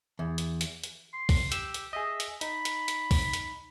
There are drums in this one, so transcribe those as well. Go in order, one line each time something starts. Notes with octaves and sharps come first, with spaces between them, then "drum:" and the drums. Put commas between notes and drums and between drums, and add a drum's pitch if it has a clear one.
E2
drum: hi-hat
drum: hi-hat
drum: hi-hat
C6
drum: kick, open hi-hat
G4 E6, drum: hi-hat
drum: hi-hat
G#4 D#5 E5
drum: hi-hat
D#4 B5, drum: hi-hat
drum: hi-hat
drum: hi-hat
drum: kick, open hi-hat
drum: hi-hat